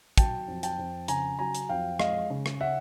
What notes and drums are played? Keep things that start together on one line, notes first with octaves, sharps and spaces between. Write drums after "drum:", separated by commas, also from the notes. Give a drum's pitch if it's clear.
F#3 G5 A5, drum: kick, hi-hat
F2
G5 A5, drum: hi-hat
F2
C#3 G#5 A#5, drum: hi-hat
F#3 G#5 A#5
drum: hi-hat
F2 F5 G5
G#3 D#5 F5, drum: rim click
C#3
drum: rim click
C#4 E5 F#5